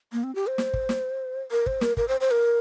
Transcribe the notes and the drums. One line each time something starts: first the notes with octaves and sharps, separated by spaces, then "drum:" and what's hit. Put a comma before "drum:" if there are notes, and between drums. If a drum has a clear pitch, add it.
A#3
C4
G4
C5
drum: snare
drum: kick
drum: snare
A#4
C5, drum: kick
A#4, drum: snare
A#4, drum: kick
C5
C5
A#4